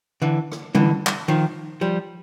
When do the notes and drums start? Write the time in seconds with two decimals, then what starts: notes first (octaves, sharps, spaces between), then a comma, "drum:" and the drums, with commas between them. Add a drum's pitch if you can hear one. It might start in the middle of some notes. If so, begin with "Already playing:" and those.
0.22 D3 E3
0.52 drum: rim click
0.75 D3 E3, drum: tom G3
1.07 drum: clap
1.28 D#3 F3
1.81 F3 G3